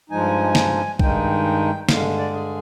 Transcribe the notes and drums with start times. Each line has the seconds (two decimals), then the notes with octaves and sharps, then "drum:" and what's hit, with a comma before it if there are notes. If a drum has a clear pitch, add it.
0.10 G2 F3 G#3 D#4 G#5
0.55 drum: snare
0.99 G2 D#3 G#3 D#4 G5, drum: kick A#1
1.89 G2 D3 G#3 F5, drum: snare
2.18 D5
2.33 G#4